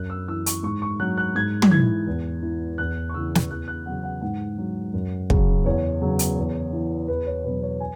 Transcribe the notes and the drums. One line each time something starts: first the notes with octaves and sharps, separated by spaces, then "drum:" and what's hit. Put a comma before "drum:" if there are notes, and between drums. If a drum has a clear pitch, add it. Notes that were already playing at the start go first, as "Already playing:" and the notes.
Already playing: F#2 F#6
E6
E3 E6
C#6, drum: hi-hat
G#2 C#6
C#6
F#3 F#6
F#6
G#2 G#6
drum: tom
E3 G#6
E2
E3
E2 F#6
C#6
C#3 E3 E6
drum: snare
E2 F#6
F#6
C#3 F#3 F#5
F#5
G#2 F#5
F#3
F#2
C#3 F#3, drum: kick
E2 C#5
C#3 F#3
drum: hi-hat
E2
E3
E2 B4
C#5
B2 F#3 B4
C#5
G#5